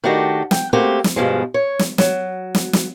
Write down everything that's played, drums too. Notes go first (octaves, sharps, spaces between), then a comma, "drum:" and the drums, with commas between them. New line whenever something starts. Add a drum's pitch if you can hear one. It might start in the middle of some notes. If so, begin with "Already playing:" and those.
D#3 A3 D4 F#4 G4 D#5
G5, drum: snare
A3 A#3 C4 F#4 G4
drum: snare
G2 B2 F3 G#3
C#5
drum: snare
F#3, drum: snare
drum: snare
drum: snare